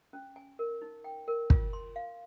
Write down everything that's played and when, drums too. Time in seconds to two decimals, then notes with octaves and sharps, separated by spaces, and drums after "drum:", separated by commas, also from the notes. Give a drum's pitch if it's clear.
0.13 C#4
0.36 G#5
0.59 A#4
0.82 D#4
1.04 G5
1.28 A#4
1.50 F4, drum: kick
1.73 C6
1.96 F5